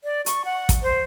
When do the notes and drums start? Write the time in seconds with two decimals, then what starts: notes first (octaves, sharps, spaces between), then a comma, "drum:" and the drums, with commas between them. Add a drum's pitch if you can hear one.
0.04 D5
0.26 C#6, drum: hi-hat
0.45 F#5
0.69 drum: kick, hi-hat
0.83 C5